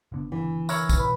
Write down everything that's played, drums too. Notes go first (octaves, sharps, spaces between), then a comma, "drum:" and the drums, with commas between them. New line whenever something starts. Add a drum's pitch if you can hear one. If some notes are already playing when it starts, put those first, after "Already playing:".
F#1 D3 B3
E3
E4 A#4 C#5, drum: tambourine
drum: kick, tambourine
B2 B4